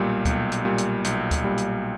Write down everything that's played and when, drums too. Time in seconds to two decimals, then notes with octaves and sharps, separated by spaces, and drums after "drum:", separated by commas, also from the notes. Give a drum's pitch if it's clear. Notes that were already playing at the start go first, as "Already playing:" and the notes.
Already playing: B1 A#2 G3
0.25 B1, drum: kick D2, hi-hat
0.52 drum: hi-hat
0.65 A#2 G3
0.78 drum: hi-hat
1.04 B1, drum: hi-hat
1.31 drum: kick D2, hi-hat
1.44 A#2 G3
1.58 drum: hi-hat